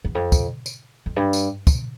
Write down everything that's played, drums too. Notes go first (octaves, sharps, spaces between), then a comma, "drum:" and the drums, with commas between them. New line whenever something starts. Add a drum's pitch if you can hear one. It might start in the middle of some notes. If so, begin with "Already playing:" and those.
E2
F2
drum: kick, tambourine
drum: tambourine
F2
G2
drum: tambourine
drum: kick, tambourine